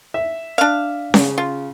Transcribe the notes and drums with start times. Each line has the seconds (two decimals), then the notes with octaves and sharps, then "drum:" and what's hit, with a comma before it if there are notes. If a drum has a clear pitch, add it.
0.14 E5
0.58 D4 F5
1.14 C#3, drum: snare C#4
1.38 F4